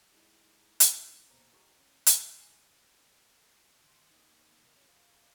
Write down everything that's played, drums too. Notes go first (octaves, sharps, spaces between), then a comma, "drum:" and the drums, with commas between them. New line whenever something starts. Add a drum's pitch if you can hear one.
G#3 D#4 E4 G#4
drum: hi-hat
D#2 B2 C5 A#5
D#4 F#4 G#4 A4 A#5 C#6
C#4
drum: hi-hat
G#5 C7 F#7
D#3 C6
A#3 D#4
C2 A#4
F#2 C#4
A4 F5